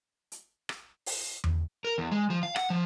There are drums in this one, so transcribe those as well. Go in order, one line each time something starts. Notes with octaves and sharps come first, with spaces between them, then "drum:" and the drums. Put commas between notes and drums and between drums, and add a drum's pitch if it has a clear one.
drum: hi-hat
drum: rim click
drum: open hi-hat
drum: tom E2
A#4
E2
G#3
F3
F5
F#5, drum: rim click
F3